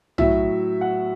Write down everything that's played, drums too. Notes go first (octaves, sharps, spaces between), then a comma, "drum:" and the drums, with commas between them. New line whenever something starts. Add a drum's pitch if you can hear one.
A2 F#3 E5, drum: tom
F#5